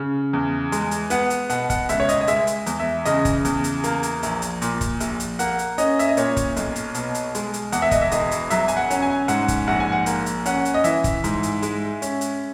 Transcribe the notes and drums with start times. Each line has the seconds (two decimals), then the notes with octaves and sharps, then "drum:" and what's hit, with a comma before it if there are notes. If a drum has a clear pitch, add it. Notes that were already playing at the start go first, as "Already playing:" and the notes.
Already playing: C#3
0.33 E2
0.72 G#3, drum: hi-hat
0.91 drum: hi-hat
1.10 B3 F#5, drum: hi-hat
1.30 drum: hi-hat
1.50 B2 F#5, drum: hi-hat
1.70 F#5, drum: kick, hi-hat
1.89 C#2 E5, drum: hi-hat
2.00 C#5
2.09 D#5, drum: hi-hat
2.21 D#5
2.27 G#3 E5, drum: hi-hat
2.47 drum: hi-hat
2.66 E2, drum: hi-hat
2.80 E5
3.05 C#3 D#5, drum: hi-hat
3.25 drum: kick, hi-hat
3.45 E2, drum: hi-hat
3.64 drum: hi-hat
3.84 A#3, drum: hi-hat
4.03 drum: hi-hat
4.23 A#1, drum: hi-hat
4.42 drum: hi-hat
4.62 A#2, drum: hi-hat
4.81 drum: kick, hi-hat
5.00 A#1, drum: hi-hat
5.20 drum: hi-hat
5.39 A#3 F#5, drum: hi-hat
5.59 drum: hi-hat
5.78 C#4 D#5, drum: hi-hat
5.99 E5, drum: hi-hat
6.09 D#5
6.17 A#2 C#5, drum: hi-hat
6.37 drum: kick, hi-hat
6.56 B1, drum: hi-hat
6.76 drum: hi-hat
6.94 B2, drum: hi-hat
7.15 drum: hi-hat
7.35 G#3, drum: hi-hat
7.53 drum: hi-hat
7.72 E2 F#5, drum: hi-hat
7.82 E5
7.91 D#5, drum: kick, hi-hat
8.02 E5
8.11 E1 D#5, drum: hi-hat
8.31 drum: hi-hat
8.50 F#3 E5, drum: hi-hat
8.68 G#5, drum: hi-hat
8.77 F#5
8.90 C#4, drum: hi-hat
9.02 G#5
9.28 G#2 F#5, drum: hi-hat
9.48 drum: kick, hi-hat
9.67 A#1 F#5
9.80 G#5
9.92 F#5
10.06 A#3, drum: hi-hat
10.26 drum: hi-hat
10.46 C#4 F#5, drum: hi-hat
10.65 drum: hi-hat
10.74 D#5
10.84 E3 E5, drum: hi-hat
11.04 drum: kick, hi-hat
11.24 G#2, drum: hi-hat
11.43 drum: hi-hat
11.62 G#3, drum: hi-hat
12.02 C#4, drum: hi-hat
12.21 drum: hi-hat